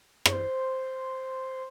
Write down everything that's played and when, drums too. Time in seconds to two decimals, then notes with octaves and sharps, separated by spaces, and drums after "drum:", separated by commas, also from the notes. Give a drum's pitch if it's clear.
0.26 C#5, drum: rim click
0.33 C5